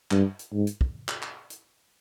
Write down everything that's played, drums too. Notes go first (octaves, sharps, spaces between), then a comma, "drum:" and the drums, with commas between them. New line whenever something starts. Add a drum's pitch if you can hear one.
G2, drum: clap
drum: hi-hat
G#2
drum: hi-hat
drum: kick
drum: clap
drum: clap
drum: hi-hat